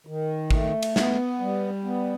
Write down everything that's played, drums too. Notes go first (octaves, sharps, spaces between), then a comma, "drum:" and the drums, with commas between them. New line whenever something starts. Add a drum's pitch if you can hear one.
D#3
A3, drum: kick
drum: cymbal
B3, drum: snare
G3
B3